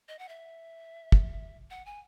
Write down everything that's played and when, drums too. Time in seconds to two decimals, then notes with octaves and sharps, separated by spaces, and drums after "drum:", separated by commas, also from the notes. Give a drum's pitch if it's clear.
0.08 D#5
0.19 F#5
0.29 E5
1.12 drum: kick
1.70 F#5
1.86 G#5